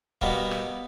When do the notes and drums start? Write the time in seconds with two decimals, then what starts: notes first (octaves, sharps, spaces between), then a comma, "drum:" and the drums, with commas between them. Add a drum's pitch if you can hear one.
0.21 B2 G3 A#3 B3, drum: kick C#1
0.51 drum: rim click